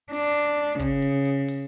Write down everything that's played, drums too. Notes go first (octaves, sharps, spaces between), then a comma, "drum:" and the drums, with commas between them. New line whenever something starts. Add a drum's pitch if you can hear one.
D4, drum: open hi-hat
C#3, drum: kick, hi-hat
drum: hi-hat
drum: hi-hat
drum: open hi-hat